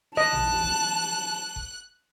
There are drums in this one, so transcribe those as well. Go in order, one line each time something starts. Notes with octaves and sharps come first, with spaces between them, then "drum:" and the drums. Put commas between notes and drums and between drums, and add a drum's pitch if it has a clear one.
D#5 A5 F#6
drum: tom A1
drum: kick F#1
drum: kick F#1